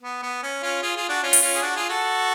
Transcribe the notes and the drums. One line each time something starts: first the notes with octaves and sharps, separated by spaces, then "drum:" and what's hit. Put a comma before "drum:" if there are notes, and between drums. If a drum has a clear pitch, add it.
B3
B3
C#4
C#4 F4
F4 G#4
F4 G#4
D4 F#4
C#4 F4
drum: open hi-hat
C#4 F4
G#4
D4 F#4
F4 G#4
F#4 A4